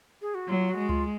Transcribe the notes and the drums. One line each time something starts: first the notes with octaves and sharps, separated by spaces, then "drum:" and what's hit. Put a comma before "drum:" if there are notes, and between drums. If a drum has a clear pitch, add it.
G#4
F#4
F#3 F4
F#4
G#3
F4, drum: kick C#2